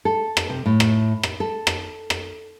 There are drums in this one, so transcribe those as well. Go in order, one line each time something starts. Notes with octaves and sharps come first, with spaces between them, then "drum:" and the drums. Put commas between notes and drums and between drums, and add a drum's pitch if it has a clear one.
A4
drum: rim click
C3
A2
drum: rim click
drum: rim click
A4
drum: rim click
drum: rim click